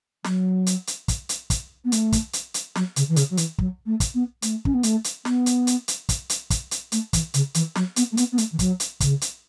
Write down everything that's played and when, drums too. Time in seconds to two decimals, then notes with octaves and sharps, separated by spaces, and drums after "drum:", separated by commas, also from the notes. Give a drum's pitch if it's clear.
0.24 F#3, drum: snare
0.66 drum: hi-hat
0.87 drum: hi-hat
1.08 drum: kick, hi-hat
1.29 drum: hi-hat
1.50 drum: kick, hi-hat
1.84 B3
1.92 A3, drum: hi-hat
2.12 drum: kick, hi-hat
2.33 drum: hi-hat
2.54 drum: hi-hat
2.75 F#3, drum: snare
2.96 C#3, drum: hi-hat
3.09 E3
3.16 C#3, drum: hi-hat
3.30 F#3
3.37 E3, drum: hi-hat
3.58 F#3, drum: kick
3.86 A3
4.00 drum: kick, hi-hat
4.14 B3
4.42 A3, drum: hi-hat
4.65 C#4, drum: kick
4.74 B3
4.83 A3, drum: hi-hat
5.04 drum: hi-hat
5.25 B3, drum: snare
5.46 drum: hi-hat
5.67 drum: hi-hat
5.88 drum: hi-hat
6.09 drum: kick, hi-hat
6.30 drum: hi-hat
6.50 drum: kick, hi-hat
6.71 drum: hi-hat
6.92 A3, drum: hi-hat
7.13 E3, drum: kick, hi-hat
7.34 C#3, drum: hi-hat
7.54 E3, drum: hi-hat
7.75 F#3, drum: snare
7.96 B3, drum: hi-hat
8.12 A3
8.17 B3, drum: hi-hat
8.32 B3
8.38 A3, drum: hi-hat
8.52 E3
8.59 F#3, drum: kick, hi-hat
8.80 drum: hi-hat
9.00 C#3, drum: kick, hi-hat
9.21 drum: hi-hat